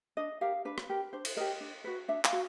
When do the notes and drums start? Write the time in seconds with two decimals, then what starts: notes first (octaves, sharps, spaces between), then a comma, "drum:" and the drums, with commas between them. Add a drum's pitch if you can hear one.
0.17 D4 D#5
0.41 G4 A#4 F5
0.65 D4 B4
0.78 drum: rim click
0.89 G4 A#4
1.13 D4 C5
1.25 drum: cymbal
1.37 G4 A#4 D#5
1.61 D4
1.84 F#4 B4
2.08 D4 E5
2.25 F5, drum: clap
2.33 F#4